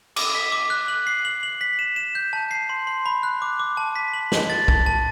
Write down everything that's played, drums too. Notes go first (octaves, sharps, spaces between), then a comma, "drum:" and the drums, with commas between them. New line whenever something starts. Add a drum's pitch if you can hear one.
D6, drum: cymbal
B6
D6
F#6
F#7
C7
F#7
F#7
B6
E7
E7
G6
A5
C7
C6
C6
B5
F#6
D6
D6
A5
B6
F#7
F#7, drum: snare
A6
A5, drum: kick
A5